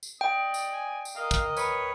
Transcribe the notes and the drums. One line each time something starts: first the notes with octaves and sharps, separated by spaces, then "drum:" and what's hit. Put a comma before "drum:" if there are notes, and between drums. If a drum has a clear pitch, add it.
drum: tambourine
D5 D#5 G5
drum: tambourine
G#5
drum: tambourine
A#4 D#5 F5
drum: kick, tambourine
B4 C#5, drum: tambourine